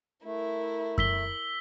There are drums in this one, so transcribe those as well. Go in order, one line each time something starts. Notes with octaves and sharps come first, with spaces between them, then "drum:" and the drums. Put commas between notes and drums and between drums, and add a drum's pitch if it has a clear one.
A3 E4 A#4
E6 B6 G7, drum: kick F#2